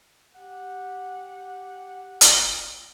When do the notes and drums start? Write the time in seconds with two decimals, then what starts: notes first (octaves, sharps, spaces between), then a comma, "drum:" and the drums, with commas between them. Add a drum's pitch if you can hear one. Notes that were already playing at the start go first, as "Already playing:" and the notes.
0.34 G4 F#5
2.21 drum: hi-hat